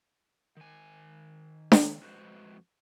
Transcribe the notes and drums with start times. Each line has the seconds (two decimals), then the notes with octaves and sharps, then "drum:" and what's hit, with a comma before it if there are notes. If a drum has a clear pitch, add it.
0.57 D#3 G#5
1.72 drum: snare D4
2.02 F2 G#3 F#4 B4 C5